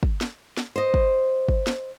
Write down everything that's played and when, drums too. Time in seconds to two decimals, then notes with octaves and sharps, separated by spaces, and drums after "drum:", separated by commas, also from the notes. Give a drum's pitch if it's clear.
0.03 drum: kick
0.21 drum: snare
0.57 drum: snare
0.76 C5 D#5
0.94 drum: kick
1.49 drum: kick
1.67 drum: snare